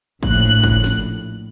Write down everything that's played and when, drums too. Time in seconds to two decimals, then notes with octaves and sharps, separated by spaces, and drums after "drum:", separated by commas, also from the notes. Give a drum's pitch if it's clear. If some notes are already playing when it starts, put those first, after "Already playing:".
0.23 A#1 A2 F#6, drum: kick
0.63 drum: kick
0.84 drum: snare